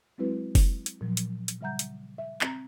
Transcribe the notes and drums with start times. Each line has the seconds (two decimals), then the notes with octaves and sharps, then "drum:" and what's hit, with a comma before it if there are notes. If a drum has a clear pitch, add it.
0.18 F#3 G#3 C4 E4 F#4 B4
0.55 drum: kick F#1, open hi-hat
0.86 drum: hi-hat
1.01 A#2 F3 F#3
1.17 drum: hi-hat
1.48 drum: hi-hat
1.61 C#3 G3 E5 F#5 A#5 G6
1.79 drum: hi-hat
2.18 E5
2.41 C4 A#5, drum: clap